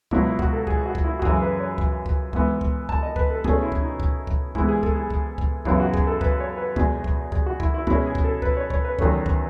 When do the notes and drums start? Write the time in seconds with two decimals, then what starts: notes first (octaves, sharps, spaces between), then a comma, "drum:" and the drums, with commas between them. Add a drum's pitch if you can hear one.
0.11 C#2 B2 F#3 E4, drum: kick C#2
0.26 E4
0.39 F#4, drum: kick C#2
0.53 A4
0.67 G#4, drum: kick C#2
0.86 F#4
0.95 drum: kick C#2
1.04 E4
1.19 F#4
1.22 F#2 C#3 E3 G#3 G#4, drum: kick C#2
1.42 B4
1.60 C#5
1.78 drum: kick C#2
2.06 drum: kick C#2
2.33 G#2 E3 B3, drum: kick C#2
2.61 drum: kick C#2
2.89 A5, drum: kick C#2
3.03 D#5
3.16 B4, drum: kick C#2
3.30 A4
3.44 B2 A3 C#4 G#4, drum: kick C#2
3.63 E4
3.72 drum: kick C#2
3.82 D#4
4.00 drum: kick C#2
4.27 drum: kick C#2
4.55 G#2 E3 G#3 B3 E4, drum: kick C#2
4.68 G#4
4.83 A4, drum: kick C#2
4.96 G#4
5.10 drum: kick C#2
5.38 drum: kick C#2
5.65 F#2 C#3 E3 B3 E4, drum: kick C#2
5.80 F#4
5.94 G#4, drum: kick C#2
6.07 A4
6.21 B4, drum: kick C#2
6.40 C#5
6.58 B4
6.76 E2 B2 G#3 G#4, drum: kick C#2
7.04 drum: kick C#2
7.32 G#4, drum: kick C#2
7.46 F#4
7.60 E4, drum: kick C#2
7.74 E4
7.87 B2 G#3 C#4 E4, drum: kick C#2
8.06 G#4
8.15 drum: kick C#2
8.24 A4
8.42 B4, drum: kick C#2
8.57 C#5
8.70 C#5, drum: kick C#2
8.85 B4
8.99 E2 D#3 F#3 A3 C#4, drum: kick C#2
9.26 drum: kick C#2